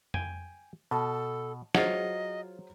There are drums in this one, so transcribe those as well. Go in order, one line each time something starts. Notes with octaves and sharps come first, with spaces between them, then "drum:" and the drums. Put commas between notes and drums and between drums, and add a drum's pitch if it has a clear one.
G5 G#5, drum: tom F2
B2 A4 A5
F#3 F4 G#4 C5 C#5 D#5 F#5, drum: snare